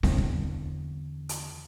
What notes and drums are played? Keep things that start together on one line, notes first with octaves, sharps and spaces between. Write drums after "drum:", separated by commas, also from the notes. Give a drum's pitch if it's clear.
E2 D3, drum: snare C4
drum: kick
drum: hi-hat